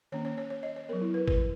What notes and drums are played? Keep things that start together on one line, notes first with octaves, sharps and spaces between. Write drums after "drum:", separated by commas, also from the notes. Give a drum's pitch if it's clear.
D#3 A#3 C#4 C#5
C#5
C#5
C#5
D#5
C#5
F#3 B3 A#4
E4
B4
B4, drum: kick